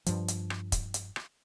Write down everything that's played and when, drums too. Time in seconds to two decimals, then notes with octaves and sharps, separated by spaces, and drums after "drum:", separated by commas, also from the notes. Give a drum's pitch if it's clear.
0.06 G2 F3, drum: hi-hat
0.28 drum: hi-hat
0.50 drum: rim click
0.72 drum: kick, hi-hat
0.94 drum: hi-hat
1.16 drum: rim click